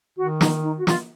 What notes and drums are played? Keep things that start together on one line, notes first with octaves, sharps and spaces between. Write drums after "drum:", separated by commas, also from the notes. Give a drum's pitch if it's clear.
D#3 F#4
D#4, drum: snare
D#4
F#4
F4, drum: snare